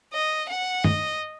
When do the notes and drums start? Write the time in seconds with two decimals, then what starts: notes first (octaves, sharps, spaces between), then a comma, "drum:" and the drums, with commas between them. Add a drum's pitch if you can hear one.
0.13 D#5
0.49 F#5
0.84 D#5, drum: tom